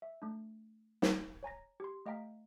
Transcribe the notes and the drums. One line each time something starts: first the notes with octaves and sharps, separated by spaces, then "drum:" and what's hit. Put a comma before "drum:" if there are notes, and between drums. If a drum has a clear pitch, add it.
E5
A3 D4
drum: snare
C#5 G#5 A#5 A#6
G4 C6
A3 D#5 F5 G5 A#5 B6